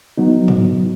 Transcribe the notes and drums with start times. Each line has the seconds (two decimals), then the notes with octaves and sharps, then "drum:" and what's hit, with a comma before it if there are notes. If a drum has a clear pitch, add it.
0.18 F#3 B3 D#4
0.48 drum: tom G#2